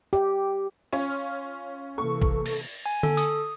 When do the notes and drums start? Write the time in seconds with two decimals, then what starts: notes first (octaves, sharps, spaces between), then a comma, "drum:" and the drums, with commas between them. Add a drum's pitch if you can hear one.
0.13 G4
0.93 C#4 F4 C#5
1.98 C3 E3 A#3 A4 C#6
2.22 drum: kick
2.46 drum: cymbal
2.86 G#5
3.03 A4, drum: tom D3
3.17 D#6, drum: open hi-hat